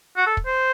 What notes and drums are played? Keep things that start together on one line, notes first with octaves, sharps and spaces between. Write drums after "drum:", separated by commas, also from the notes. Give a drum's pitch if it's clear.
F#4
A4
drum: kick
C5